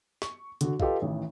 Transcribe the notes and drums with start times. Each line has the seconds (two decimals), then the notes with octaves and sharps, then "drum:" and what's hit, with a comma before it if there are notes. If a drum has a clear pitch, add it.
0.22 C#6, drum: snare
0.61 D3 F#4, drum: hi-hat
0.80 F4 G4 A4 B4 D#5 F5, drum: kick
1.02 A1 D#3 E3